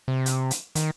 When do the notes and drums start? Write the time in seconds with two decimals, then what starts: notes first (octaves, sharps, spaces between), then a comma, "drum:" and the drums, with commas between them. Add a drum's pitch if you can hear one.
0.08 C3
0.26 drum: hi-hat
0.51 drum: hi-hat
0.75 D#3, drum: hi-hat